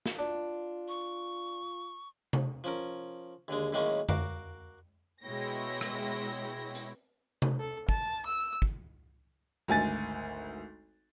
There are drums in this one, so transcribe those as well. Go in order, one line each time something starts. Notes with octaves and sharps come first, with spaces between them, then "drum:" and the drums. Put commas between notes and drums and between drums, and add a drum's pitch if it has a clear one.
drum: snare
D4 F4
C#6
drum: tom C3
F3 C#4 A#4
D#2 D3 G#3
F#2 A2 D#3 G#3 A#3 C#4
F#4 A#4 F5 D6, drum: tom F2
B2 G#3 E4 C#5 G5 A#6
drum: rim click
drum: hi-hat
drum: tom C3
A4
A5, drum: kick
E6
drum: kick
G#1 D2 G#5 A6